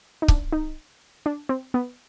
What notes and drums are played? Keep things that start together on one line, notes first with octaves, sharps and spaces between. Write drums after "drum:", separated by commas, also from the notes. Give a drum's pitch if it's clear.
D#4
D4, drum: kick C#1
D#4
D4
C4
B3